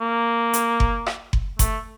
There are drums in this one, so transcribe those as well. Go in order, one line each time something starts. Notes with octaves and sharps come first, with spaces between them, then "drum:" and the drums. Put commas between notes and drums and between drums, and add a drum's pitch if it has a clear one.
A#3
drum: hi-hat
drum: kick F#1
drum: rim click
drum: kick F#1
A3, drum: kick F#1, hi-hat